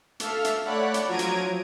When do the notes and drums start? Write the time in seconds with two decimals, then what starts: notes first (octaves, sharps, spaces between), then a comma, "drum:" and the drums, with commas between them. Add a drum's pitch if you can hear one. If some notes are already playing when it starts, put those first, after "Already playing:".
0.20 A4 E5 F5 F6, drum: hi-hat
0.44 drum: hi-hat
0.65 A3 C#5 D5 F#5 B5 F#6
0.94 drum: hi-hat
1.08 F3 F#3 A#5 G#6 D7 D#7
1.19 drum: hi-hat